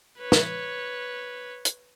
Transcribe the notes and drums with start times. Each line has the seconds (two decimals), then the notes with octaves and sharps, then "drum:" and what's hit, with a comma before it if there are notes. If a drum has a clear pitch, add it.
0.19 B4 C#5
0.32 drum: snare
1.65 drum: hi-hat